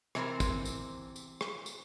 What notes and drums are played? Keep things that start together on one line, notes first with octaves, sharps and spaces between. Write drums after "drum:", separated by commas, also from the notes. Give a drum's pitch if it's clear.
C3 E3 C4 A#4 C5, drum: rim click
drum: kick, tambourine
drum: tambourine
drum: tambourine
drum: rim click
drum: tambourine